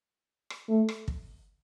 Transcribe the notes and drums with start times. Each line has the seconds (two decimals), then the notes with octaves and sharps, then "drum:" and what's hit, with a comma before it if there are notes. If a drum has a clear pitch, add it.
0.50 drum: rim click
0.69 A3
0.89 drum: rim click
1.08 drum: kick